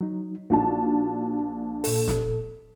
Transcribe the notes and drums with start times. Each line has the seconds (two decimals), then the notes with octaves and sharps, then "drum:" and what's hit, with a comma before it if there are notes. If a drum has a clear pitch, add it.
0.01 F#3 D#4
0.50 A#1 D4 D#4 F4 F#4 A5
1.84 A#2 A4, drum: open hi-hat
2.08 drum: snare